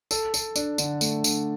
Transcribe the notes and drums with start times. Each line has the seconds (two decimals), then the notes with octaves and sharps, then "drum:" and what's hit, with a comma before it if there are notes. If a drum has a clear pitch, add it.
0.11 A4, drum: tambourine
0.34 A4, drum: tambourine
0.56 D4, drum: tambourine
0.78 D3, drum: tambourine
1.01 A3, drum: tambourine
1.24 D3, drum: tambourine